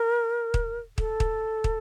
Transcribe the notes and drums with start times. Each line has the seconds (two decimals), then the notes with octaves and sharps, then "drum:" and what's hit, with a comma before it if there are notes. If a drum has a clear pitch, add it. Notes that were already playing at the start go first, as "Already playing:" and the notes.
Already playing: A#4
0.54 drum: kick
0.98 A4, drum: kick
1.20 drum: kick
1.64 drum: kick